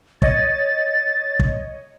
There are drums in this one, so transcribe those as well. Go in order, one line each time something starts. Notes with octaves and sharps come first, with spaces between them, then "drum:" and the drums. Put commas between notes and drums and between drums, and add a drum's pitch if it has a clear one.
C#5 D#5 A6, drum: kick
drum: kick